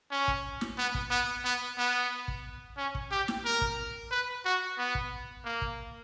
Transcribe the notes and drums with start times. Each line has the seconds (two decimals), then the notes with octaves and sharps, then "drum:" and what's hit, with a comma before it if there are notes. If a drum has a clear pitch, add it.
0.11 C#4
0.28 drum: kick
0.61 drum: snare
0.78 B3
0.95 drum: kick
1.11 B3
1.45 B3
1.78 B3
2.28 drum: kick
2.77 C#4
2.95 drum: kick
3.11 G4
3.28 drum: snare
3.45 A#4
3.61 drum: kick
4.11 B4
4.45 F#4
4.78 B3
4.95 drum: kick
5.45 A#3
5.62 drum: kick